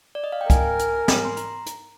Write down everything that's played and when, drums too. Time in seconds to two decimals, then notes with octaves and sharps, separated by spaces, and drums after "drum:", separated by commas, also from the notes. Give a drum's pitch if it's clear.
0.15 D5
0.24 D#5
0.32 F5
0.41 G5
0.50 A#4 G#5, drum: kick, hi-hat
0.79 drum: hi-hat
1.08 drum: snare
1.25 C6
1.37 A#5, drum: hi-hat
1.66 drum: hi-hat